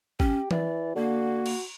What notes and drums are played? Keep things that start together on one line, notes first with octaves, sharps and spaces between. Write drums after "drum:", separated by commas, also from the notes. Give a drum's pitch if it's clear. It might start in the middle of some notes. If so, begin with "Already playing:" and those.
C#4 G4, drum: kick
E3 D5, drum: tom E3
D3 A#3 F#4
drum: cymbal